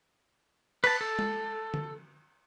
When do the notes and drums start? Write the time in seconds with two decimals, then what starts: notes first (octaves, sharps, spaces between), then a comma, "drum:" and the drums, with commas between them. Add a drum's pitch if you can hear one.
0.84 B4 A5, drum: cymbal
1.01 A4
1.19 drum: tom
1.74 drum: tom D3